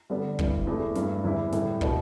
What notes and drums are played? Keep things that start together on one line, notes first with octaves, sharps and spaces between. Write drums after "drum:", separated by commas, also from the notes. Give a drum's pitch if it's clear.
D3 G3 B3 D4
G2 E3 G3, drum: kick
E2 E3 A3
G2 G3 E4, drum: snare
E2 E3 G3 E4
A2 E3 G3 E4, drum: snare
B2 B3 D4, drum: kick